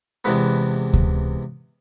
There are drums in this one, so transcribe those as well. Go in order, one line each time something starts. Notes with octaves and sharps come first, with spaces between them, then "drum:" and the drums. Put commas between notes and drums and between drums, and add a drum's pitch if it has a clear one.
E2 C3 E3 G#3 B3 B4
drum: kick D2